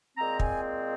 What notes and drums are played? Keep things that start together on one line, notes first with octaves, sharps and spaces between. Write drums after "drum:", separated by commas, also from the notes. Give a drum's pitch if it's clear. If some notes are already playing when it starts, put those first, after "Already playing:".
A#2 G#3 C4 A#5
G#5, drum: kick